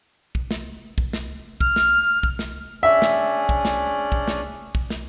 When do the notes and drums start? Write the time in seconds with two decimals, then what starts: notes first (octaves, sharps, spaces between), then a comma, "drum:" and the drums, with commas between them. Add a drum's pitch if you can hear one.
0.35 drum: kick
0.51 drum: snare
0.98 drum: kick
1.13 drum: snare
1.61 F6, drum: kick
1.76 drum: snare
2.23 drum: kick
2.39 drum: snare
2.83 C#4 D4 G#4 E5
3.02 drum: snare
3.49 drum: kick
3.65 drum: snare
4.12 drum: kick
4.28 drum: snare
4.75 drum: kick
4.90 drum: snare